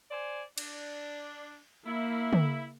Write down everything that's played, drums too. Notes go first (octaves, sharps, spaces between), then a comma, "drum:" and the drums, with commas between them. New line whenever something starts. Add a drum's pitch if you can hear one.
C5 D5 G#5
D4, drum: cymbal
A#3 E4
drum: tom